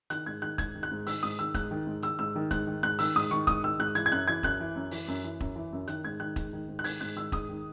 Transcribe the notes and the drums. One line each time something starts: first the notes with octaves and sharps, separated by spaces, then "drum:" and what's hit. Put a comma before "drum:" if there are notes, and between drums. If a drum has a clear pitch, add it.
D#3 F#6, drum: hi-hat
G#2 G#6
D#3 F#6
G#2 G#6, drum: kick E1, hi-hat
D#3
F#6
G#2
D#3 E6, drum: open hi-hat
G#2 D#6
D#3 E6
G#2 F#6, drum: kick E1, hi-hat
D#3
G#2
D#3 E6, drum: hi-hat
G#2 E6
D#3
G#2 F#6, drum: kick E1, hi-hat
D#3
G#2 F#6
D#3 E6, drum: open hi-hat
G#2 D#6
D#3 C#6
G#2 D#6, drum: kick E1, hi-hat
D#3 E6
G#2 F#6
E3 G#6, drum: hi-hat
G#6
F#2 F#6
E3 G#6
F#2 F#6, drum: kick E1
E3
F#2
E3, drum: open hi-hat
F#2
E3
F#2, drum: kick E1
E3
F#2
D#3 F#6, drum: hi-hat
G#2 G#6
D#3 F#6
G#2, drum: kick E1, hi-hat
D#3
G#2
F#6
D#3 G#6, drum: open hi-hat
G#2 F#6
D#3 E6
G#2 D#6, drum: kick E1, hi-hat
D#3